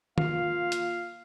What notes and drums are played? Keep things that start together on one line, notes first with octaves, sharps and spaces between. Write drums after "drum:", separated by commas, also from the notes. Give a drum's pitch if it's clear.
A#3 F4 F5, drum: tom
drum: hi-hat